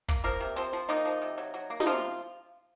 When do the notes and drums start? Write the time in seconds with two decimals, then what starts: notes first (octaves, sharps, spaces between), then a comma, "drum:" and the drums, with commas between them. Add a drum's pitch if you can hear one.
0.08 A#3, drum: kick
0.24 F3 A#3 A#4
0.41 C3
0.56 F3 C4 C5
0.73 F3
0.89 D#3 A#3 D#4
1.05 F3
1.22 C3
1.38 F#3
1.54 F#3
1.70 A#3
1.80 D#4, drum: snare
1.86 C3 F3 F4